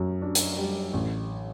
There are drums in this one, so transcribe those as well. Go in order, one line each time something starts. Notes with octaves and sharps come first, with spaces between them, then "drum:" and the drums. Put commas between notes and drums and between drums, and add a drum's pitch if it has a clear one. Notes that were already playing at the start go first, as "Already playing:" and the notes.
Already playing: F#2
D4
drum: hi-hat
G3
A1